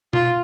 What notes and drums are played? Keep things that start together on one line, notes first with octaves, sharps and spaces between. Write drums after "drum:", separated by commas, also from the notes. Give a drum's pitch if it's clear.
F4, drum: tom